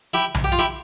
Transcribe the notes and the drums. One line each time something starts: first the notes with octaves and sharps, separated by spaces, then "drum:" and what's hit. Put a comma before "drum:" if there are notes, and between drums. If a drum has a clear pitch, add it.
E4 G4
drum: tom B1
G4
F4
E4 G4